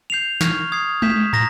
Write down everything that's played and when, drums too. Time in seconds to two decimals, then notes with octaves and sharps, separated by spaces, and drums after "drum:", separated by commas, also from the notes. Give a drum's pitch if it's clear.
0.10 G6 C7 F7
0.41 C#6 F6 G#6 C7, drum: snare
0.72 D#6 G#6 C7
1.02 G6 B6 E7, drum: tom G#3
1.33 A#5 D#6 G6 A#6, drum: tom